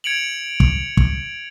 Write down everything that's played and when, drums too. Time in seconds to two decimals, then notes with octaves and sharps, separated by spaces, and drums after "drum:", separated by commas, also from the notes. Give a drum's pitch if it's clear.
0.04 G#6 C#7 D7 F7 F#7
0.60 drum: kick
0.97 drum: kick